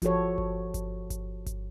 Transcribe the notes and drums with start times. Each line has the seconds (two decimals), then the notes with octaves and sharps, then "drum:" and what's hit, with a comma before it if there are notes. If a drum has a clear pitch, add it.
0.02 F3 F#4 G4 A4 C#5, drum: kick G1, hi-hat
0.38 drum: kick G1
0.74 drum: kick G1, hi-hat
1.10 drum: kick G1, hi-hat
1.46 drum: kick G1, hi-hat